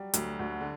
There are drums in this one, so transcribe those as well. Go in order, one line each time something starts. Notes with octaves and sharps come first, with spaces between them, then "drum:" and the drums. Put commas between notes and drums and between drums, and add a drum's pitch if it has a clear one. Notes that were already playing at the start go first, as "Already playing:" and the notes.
Already playing: F#3 G3
D2 F#3, drum: hi-hat
D2 D3
D3